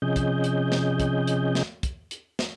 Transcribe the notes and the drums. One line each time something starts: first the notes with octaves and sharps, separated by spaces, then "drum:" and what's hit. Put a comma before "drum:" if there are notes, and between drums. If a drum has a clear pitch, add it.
C3 F3 C#4 G#4 D#5 G6
drum: kick, hi-hat
drum: hi-hat
drum: snare
drum: kick, hi-hat
drum: hi-hat
drum: snare
drum: kick, hi-hat
drum: hi-hat
drum: snare